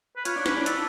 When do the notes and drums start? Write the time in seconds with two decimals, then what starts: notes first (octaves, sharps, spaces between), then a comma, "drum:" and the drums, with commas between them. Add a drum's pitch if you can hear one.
0.16 B4
0.25 F4 C#5, drum: hi-hat
0.36 D4
0.46 C#4 B4, drum: snare
0.56 D4
0.66 A4, drum: hi-hat